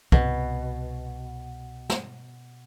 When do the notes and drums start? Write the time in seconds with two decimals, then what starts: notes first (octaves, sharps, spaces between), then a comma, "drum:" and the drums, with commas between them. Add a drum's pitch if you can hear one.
0.12 C2 B2, drum: kick
1.90 drum: snare